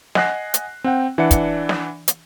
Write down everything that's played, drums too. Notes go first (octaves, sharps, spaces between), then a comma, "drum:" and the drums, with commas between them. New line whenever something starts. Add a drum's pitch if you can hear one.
D#5 F#5 G#5 F#6 A#6 C7, drum: snare
drum: hi-hat
C4 F#5 G5
E3 D4 D5 E5 F#5 C#7
drum: kick, hi-hat
drum: snare
drum: hi-hat